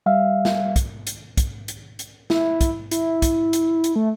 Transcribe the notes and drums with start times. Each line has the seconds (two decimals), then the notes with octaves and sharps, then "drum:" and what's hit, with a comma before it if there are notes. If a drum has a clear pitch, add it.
0.06 G3 E5 F5
0.45 drum: snare
0.76 drum: kick, hi-hat
1.07 drum: hi-hat
1.37 drum: kick, hi-hat
1.68 drum: hi-hat
1.99 drum: hi-hat
2.30 E4, drum: snare
2.61 drum: kick, hi-hat
2.91 E4, drum: hi-hat
3.22 drum: kick, hi-hat
3.53 drum: hi-hat
3.84 drum: hi-hat
3.96 A3